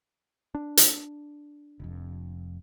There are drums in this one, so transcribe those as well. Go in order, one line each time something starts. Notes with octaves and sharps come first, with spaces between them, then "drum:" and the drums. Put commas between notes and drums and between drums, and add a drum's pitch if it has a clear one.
D4
drum: hi-hat
F1 F2